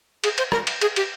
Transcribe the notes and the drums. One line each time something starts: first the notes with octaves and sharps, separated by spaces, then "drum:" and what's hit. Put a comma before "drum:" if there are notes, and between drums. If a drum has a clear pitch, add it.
G#4, drum: cymbal
C5, drum: cymbal
A#4, drum: rim click
drum: cymbal
G#4, drum: cymbal
G4, drum: cymbal